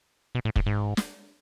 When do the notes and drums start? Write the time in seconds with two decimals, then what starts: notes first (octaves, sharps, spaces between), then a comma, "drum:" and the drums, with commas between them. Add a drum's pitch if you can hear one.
0.35 B2
0.45 A2
0.56 G#2, drum: kick
0.66 G#2
0.97 drum: snare